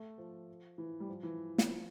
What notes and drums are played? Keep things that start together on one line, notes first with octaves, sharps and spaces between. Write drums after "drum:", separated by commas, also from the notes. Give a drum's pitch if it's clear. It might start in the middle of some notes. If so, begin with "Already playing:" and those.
Already playing: A3
F3
E3
G3
F3
E3
E3, drum: snare
F3